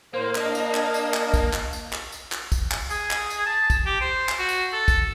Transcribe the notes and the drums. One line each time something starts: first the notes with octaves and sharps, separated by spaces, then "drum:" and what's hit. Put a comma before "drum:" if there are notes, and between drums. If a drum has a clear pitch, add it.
A2 A#3 C5
D4 D#5, drum: clap
drum: tambourine
drum: clap
drum: tambourine
drum: clap
drum: kick, tambourine
drum: clap
drum: tambourine
drum: clap
drum: tambourine
drum: clap
drum: kick, tambourine
drum: clap
G#4, drum: tambourine
drum: clap
drum: tambourine
A5
drum: kick, tambourine
G4
C5
drum: clap
F#4
drum: tambourine
A4
drum: kick, tambourine